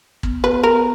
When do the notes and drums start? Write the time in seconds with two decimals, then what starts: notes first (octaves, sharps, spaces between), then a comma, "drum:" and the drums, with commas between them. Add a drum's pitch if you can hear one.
0.23 B3, drum: kick
0.43 B3 B4
0.63 B3 A#4